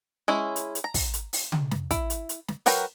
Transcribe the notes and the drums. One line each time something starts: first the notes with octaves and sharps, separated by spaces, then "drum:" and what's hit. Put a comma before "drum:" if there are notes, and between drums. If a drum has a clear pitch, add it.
G#3 C#4 E4
drum: hi-hat
drum: hi-hat
A#5
drum: kick, open hi-hat
drum: hi-hat
drum: open hi-hat
drum: tom C#3
drum: snare
E4, drum: kick, hi-hat
drum: hi-hat
drum: hi-hat
drum: snare
F#3 A#4 B4 G5 A#5, drum: open hi-hat